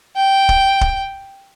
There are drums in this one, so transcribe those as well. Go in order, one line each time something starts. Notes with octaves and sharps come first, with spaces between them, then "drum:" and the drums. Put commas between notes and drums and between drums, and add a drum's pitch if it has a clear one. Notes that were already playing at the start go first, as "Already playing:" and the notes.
G5
drum: kick
drum: kick